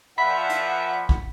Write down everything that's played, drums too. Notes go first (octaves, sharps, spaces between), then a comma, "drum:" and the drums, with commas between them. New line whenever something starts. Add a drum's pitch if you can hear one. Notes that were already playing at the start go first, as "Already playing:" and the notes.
A#2 F3 E5 F#5 B5 B6
drum: hi-hat
drum: kick